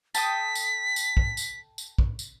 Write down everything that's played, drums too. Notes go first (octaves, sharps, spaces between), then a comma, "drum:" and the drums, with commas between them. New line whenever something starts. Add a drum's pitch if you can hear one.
A4 G5 D#6 B6, drum: tambourine
drum: tambourine
drum: tambourine
drum: kick A#1
drum: tambourine
drum: tambourine
drum: kick A#1
drum: tambourine